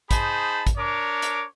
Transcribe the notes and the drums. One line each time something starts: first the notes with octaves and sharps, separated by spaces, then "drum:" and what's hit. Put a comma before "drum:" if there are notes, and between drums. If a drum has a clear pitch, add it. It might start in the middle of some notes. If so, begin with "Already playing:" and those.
D#4 G#4 C5 A5 B5, drum: kick, hi-hat
drum: kick, hi-hat
D4 A#4 C#5 D6
drum: hi-hat